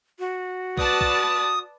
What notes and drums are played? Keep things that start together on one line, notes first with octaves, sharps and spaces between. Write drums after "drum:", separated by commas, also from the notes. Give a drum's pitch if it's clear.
F#4
B4 D5 A5 D#6, drum: kick B1
drum: kick B1